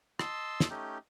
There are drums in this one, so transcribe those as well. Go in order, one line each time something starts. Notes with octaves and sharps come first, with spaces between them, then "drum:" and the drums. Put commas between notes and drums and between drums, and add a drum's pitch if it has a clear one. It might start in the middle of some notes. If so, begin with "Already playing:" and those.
D#5 A5 C6 E6, drum: rim click
drum: snare
A3 C#4 D#4 G4